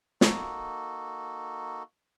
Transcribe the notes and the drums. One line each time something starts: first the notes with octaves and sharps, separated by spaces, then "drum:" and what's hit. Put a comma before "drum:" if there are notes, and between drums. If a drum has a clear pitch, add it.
A#3 D#4 F#4 A4, drum: snare